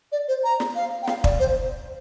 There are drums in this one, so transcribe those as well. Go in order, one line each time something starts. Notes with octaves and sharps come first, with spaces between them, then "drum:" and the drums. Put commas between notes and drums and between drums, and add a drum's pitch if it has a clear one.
D5
C5
A#5
drum: snare
F5
G5
F5, drum: snare
D5, drum: kick
C5